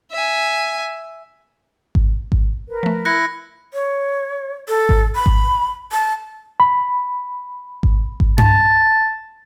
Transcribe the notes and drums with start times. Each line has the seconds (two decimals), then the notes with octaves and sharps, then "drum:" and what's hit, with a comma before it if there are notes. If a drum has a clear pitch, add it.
0.12 E5 G#5
1.95 drum: kick G#1
2.32 drum: kick G#1
2.68 A#4 B4
2.83 F3 A3
3.05 E4 F#6 A#6 C#7
3.74 C#5
4.69 A4
4.89 drum: kick G#1
5.15 B5
5.26 drum: kick G#1
5.92 A5
6.60 B5
7.83 drum: kick G#1
8.20 drum: kick G#1
8.38 A5, drum: tom G2